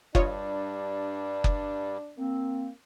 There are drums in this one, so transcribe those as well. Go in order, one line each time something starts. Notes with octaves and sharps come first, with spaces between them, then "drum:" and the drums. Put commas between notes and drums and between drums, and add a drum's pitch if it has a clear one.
G2 G3 D4 F4 C#5 D#5, drum: kick F#1
drum: kick F#1
A#3 C4